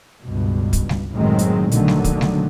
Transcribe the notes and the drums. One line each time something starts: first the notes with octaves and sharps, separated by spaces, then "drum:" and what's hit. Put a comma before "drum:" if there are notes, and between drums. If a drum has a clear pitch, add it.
C#2 G2 B2
drum: kick, hi-hat
drum: snare G3
F#1 A2 D#3 F#3 G#3 C4
drum: hi-hat
A#1 B2 D3 D#3 F#3 A3, drum: hi-hat
drum: snare G3
drum: kick, hi-hat
drum: snare G3